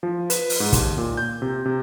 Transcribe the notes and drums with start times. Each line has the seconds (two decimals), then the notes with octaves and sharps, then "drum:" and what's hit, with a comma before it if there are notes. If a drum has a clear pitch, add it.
0.03 F3
0.30 B4, drum: hi-hat
0.50 drum: open hi-hat
0.60 G#2
0.73 D#2, drum: kick, hi-hat
0.98 A#2
1.17 G6
1.42 C3
1.65 C3